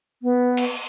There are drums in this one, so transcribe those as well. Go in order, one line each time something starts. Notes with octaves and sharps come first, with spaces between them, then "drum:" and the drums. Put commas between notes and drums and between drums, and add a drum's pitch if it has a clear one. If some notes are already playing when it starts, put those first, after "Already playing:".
B3
drum: cymbal